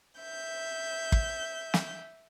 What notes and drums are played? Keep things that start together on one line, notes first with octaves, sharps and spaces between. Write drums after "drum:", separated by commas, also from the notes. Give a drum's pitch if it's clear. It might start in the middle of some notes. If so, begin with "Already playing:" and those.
E5 G6
drum: kick
drum: snare